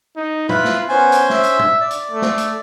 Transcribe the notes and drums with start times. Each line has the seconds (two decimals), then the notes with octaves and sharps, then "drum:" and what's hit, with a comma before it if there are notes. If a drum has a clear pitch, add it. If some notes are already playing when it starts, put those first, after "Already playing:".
0.16 D#4
0.49 E4 F4 B4 B5, drum: tom A#2
0.65 drum: snare
0.89 B3 C#4 C5 G#5
1.12 drum: hi-hat
1.30 E5, drum: snare
1.43 drum: hi-hat
1.59 drum: tom
1.81 D5
1.91 drum: hi-hat
2.11 A3
2.22 drum: snare
2.38 drum: hi-hat